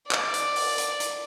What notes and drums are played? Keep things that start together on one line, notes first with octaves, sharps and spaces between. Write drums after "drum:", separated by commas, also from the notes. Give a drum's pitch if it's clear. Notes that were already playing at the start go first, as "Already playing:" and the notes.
D5, drum: clap
drum: hi-hat
drum: open hi-hat
drum: hi-hat
drum: hi-hat